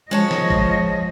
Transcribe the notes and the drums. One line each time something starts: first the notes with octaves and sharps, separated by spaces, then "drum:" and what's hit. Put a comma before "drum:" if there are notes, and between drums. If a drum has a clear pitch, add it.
F3 G#3 C#5 D#5 A5
drum: snare
drum: kick